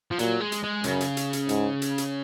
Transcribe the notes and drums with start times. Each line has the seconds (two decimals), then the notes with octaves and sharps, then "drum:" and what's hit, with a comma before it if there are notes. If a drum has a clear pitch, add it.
0.11 F3
0.19 A#2 F#3, drum: hi-hat
0.40 G#3
0.52 drum: hi-hat
0.63 G#3
0.84 F#2 C#3, drum: hi-hat
1.01 drum: hi-hat
1.17 drum: hi-hat
1.33 drum: hi-hat
1.49 G#2, drum: hi-hat
1.82 drum: hi-hat
1.98 drum: hi-hat